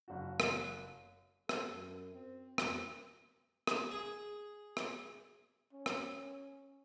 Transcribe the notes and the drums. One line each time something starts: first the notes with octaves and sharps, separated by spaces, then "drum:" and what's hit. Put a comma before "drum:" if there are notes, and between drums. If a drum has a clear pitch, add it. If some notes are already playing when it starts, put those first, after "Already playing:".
F#1 F#4
drum: rim click
A4, drum: rim click
F#2
C4
F2, drum: rim click
drum: rim click
G#4
drum: rim click
C#4
drum: rim click